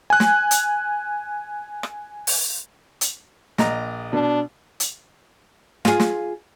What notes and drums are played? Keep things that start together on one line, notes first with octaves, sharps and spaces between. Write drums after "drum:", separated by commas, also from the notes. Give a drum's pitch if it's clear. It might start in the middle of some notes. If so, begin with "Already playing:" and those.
G#5 F#6
drum: snare
drum: hi-hat
drum: rim click
drum: open hi-hat
drum: hi-hat
A#1 D#5 A#5, drum: snare
B2 D4
drum: hi-hat
F4 G#4, drum: snare
drum: snare